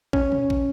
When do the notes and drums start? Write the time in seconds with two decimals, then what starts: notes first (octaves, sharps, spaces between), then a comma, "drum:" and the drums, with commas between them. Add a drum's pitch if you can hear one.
0.13 C#4, drum: kick
0.32 drum: tom
0.50 drum: kick